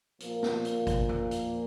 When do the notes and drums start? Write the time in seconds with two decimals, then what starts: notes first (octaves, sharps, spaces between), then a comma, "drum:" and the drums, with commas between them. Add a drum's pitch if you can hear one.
0.20 A#2 F3 A#3, drum: hi-hat
0.43 drum: snare
0.65 drum: hi-hat
0.87 drum: kick G#1, hi-hat
1.09 drum: tom E2
1.31 drum: hi-hat